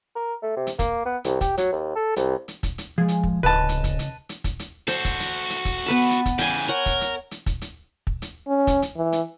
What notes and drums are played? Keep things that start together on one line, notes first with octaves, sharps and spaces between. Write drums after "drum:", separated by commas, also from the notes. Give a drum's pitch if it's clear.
A#4
A3
C3
drum: hi-hat
A#3, drum: kick, hi-hat
B3
C2, drum: hi-hat
G4, drum: kick, hi-hat
F#3, drum: hi-hat
D#2
A4
C2, drum: hi-hat
drum: hi-hat
drum: kick, hi-hat
drum: hi-hat
F3 G#3 G#4
drum: hi-hat
drum: kick
D1 C#3 B4 D#5 A5
drum: hi-hat
drum: kick, hi-hat
drum: hi-hat
drum: hi-hat
drum: kick, hi-hat
drum: hi-hat
F#4 A4 C5, drum: hi-hat
drum: kick, hi-hat
drum: hi-hat
drum: hi-hat
drum: kick, hi-hat
B3 B4 A5
drum: hi-hat
drum: kick, hi-hat
C#3 E3 G5 G#5, drum: hi-hat
A#4 C#5 F#5
drum: kick, hi-hat
drum: hi-hat
drum: hi-hat
drum: kick, hi-hat
drum: hi-hat
drum: kick
drum: hi-hat
C#4
drum: kick, hi-hat
drum: hi-hat
E3
drum: hi-hat